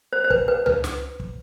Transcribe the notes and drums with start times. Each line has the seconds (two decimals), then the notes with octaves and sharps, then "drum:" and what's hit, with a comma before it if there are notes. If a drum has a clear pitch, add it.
0.13 C5
0.24 C5
0.30 B4, drum: kick
0.48 B4
0.66 B4, drum: tom C#2
0.84 drum: snare
1.20 drum: kick